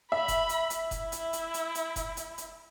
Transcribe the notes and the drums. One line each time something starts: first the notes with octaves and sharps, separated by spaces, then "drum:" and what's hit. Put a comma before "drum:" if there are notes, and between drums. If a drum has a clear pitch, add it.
E5 B5
drum: kick F1, hi-hat
drum: hi-hat
drum: hi-hat
E4, drum: kick F1, hi-hat
drum: hi-hat
drum: hi-hat
drum: hi-hat
drum: hi-hat
drum: kick F1, hi-hat
drum: hi-hat
drum: hi-hat